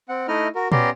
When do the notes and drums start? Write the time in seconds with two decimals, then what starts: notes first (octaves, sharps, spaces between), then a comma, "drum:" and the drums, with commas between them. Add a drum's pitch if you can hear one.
0.09 C4 F#5
0.28 A3 D#4 E4 D#5 F6
0.55 F#4 A#4
0.72 B3 C#4 G4 D5 A#5 C6, drum: tom A#2